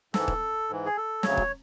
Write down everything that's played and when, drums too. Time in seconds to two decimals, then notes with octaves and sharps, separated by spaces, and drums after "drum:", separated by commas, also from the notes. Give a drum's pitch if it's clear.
0.14 G#2 E3 A4, drum: snare
0.28 drum: kick D#1
0.69 G#2 E3
0.86 G#4
0.97 A4
1.23 D2 C#3 F#3 C#5, drum: snare
1.37 drum: kick D#1